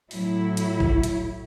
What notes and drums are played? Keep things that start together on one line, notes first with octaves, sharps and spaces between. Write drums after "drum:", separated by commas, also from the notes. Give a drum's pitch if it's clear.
A2 F#3 E4, drum: open hi-hat
drum: hi-hat
drum: kick G#1
drum: hi-hat